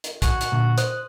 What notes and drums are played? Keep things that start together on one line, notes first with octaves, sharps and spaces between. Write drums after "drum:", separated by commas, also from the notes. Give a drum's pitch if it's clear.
drum: hi-hat
F#4 G#5, drum: kick B1, hi-hat
drum: hi-hat
A#2 D3
C5 D#6 F#6, drum: hi-hat